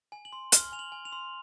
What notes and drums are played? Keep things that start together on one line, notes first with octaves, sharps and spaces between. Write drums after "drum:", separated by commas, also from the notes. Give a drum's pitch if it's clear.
G#5
F#7
C6
F6 G7, drum: hi-hat
G#5 F7
F#7
G#5
F7
C6